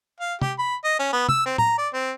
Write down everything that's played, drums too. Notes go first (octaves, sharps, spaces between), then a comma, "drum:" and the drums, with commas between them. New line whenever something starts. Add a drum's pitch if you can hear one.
F5
G4, drum: tom
B5
D#5
C#4
B3
E6, drum: tom
C4
A#5, drum: tom A2
D5
C4